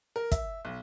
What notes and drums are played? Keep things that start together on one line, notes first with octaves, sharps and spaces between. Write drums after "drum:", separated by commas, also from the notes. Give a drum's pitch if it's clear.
A#4
E5, drum: kick, hi-hat
B1